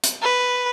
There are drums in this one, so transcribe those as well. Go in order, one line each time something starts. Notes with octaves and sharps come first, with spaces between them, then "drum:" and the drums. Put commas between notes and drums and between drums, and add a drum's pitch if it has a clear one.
drum: hi-hat
B4